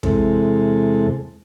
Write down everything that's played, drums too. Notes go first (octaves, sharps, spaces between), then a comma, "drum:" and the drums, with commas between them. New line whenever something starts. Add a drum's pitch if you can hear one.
E2 C3 G#3 A4, drum: kick